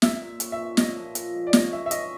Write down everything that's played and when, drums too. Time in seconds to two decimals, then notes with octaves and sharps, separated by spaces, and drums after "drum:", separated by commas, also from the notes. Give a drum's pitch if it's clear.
0.02 A#2 E5, drum: snare
0.21 A#2
0.40 C#4, drum: hi-hat
0.52 E5
0.59 A#2
0.77 A#2 D#5, drum: snare
0.96 F3
1.15 F3, drum: hi-hat
1.34 G#3
1.47 D5
1.53 C#4 D#5, drum: snare
1.72 C#4 E5
1.86 E5
1.91 C#4 D#5, drum: hi-hat